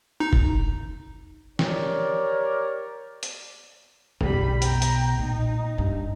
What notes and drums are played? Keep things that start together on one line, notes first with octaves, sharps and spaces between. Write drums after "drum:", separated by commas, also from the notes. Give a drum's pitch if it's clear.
D#4
drum: kick F1
G4 A#4 C#5 D5, drum: snare
drum: hi-hat
B1 B2 G3 B5, drum: tom F2
G5 A#5, drum: hi-hat
drum: hi-hat
A#2 D#4
G2